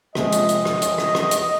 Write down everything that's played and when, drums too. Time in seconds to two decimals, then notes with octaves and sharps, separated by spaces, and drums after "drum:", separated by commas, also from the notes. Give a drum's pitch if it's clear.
0.15 C3 F3 G#3 C4 D#5, drum: rim click
0.32 drum: hi-hat
0.49 drum: hi-hat
0.65 drum: rim click
0.82 drum: hi-hat
0.98 drum: rim click
1.15 drum: rim click
1.31 drum: hi-hat